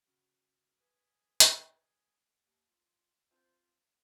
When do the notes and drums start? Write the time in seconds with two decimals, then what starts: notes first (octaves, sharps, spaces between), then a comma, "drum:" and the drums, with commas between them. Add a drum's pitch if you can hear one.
0.07 C#3 F#4
0.80 G#4 B4
1.40 drum: hi-hat
2.43 D#2
2.69 F4
3.31 C4 F4 A4 C5